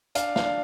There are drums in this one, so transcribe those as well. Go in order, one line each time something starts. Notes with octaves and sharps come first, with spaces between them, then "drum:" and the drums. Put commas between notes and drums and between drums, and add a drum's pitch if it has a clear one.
D4 F5, drum: hi-hat
F5, drum: snare
D4